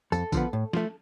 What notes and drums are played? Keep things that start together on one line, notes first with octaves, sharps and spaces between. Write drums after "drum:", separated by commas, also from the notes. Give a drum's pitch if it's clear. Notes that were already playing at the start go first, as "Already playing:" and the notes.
F2 A4, drum: tambourine
D3 F3 B3, drum: kick A#1, tambourine
A2
F3 A3, drum: snare